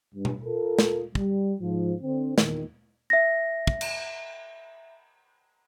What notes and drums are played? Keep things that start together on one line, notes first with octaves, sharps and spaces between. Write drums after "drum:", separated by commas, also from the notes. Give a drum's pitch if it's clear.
G2
drum: tom B2
F4 A4 A#4
drum: snare
G3, drum: kick
G#2 F3
D3 C4
E2 A#2 D#3, drum: snare
E5 A#6
drum: kick
drum: cymbal